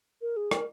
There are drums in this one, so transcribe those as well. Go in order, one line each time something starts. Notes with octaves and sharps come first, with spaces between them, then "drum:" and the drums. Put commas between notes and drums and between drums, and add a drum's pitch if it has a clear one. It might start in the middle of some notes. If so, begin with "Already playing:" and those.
A#4
G#4
A#4, drum: rim click